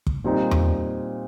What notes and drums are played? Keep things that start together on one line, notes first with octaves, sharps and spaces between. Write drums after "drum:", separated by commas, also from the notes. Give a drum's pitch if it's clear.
drum: kick
A#2 G3 C4 D#4
drum: tom E2